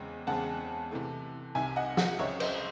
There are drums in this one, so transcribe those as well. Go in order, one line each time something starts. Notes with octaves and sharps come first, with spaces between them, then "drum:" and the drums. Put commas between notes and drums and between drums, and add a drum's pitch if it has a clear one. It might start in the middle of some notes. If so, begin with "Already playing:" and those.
Already playing: E2 C#3 G#3 C4
E2 C#3 G#3 C4 F#5 A5
C3 E3 A3
C2 C3 D#3 E5 G#5
D#5 F#5
D#5 F#5, drum: snare
C#2 C#3 F#3 C4 C#5 E5
C5 D#5, drum: cymbal